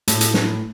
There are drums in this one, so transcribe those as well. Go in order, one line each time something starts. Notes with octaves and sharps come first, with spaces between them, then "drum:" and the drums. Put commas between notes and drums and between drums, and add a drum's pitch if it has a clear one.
A2, drum: hi-hat
drum: hi-hat
drum: snare